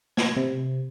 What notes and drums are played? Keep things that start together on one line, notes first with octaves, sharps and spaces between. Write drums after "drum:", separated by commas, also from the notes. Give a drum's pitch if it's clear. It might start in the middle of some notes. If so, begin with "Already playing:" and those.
G#6, drum: snare
C3